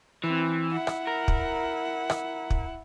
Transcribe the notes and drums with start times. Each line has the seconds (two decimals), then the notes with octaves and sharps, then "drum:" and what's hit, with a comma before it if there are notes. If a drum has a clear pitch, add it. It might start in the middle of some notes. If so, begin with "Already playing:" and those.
0.24 E3 C4
0.72 E4 F#5
0.87 drum: rim click
1.07 A#4
1.28 drum: kick
2.10 drum: rim click
2.50 drum: kick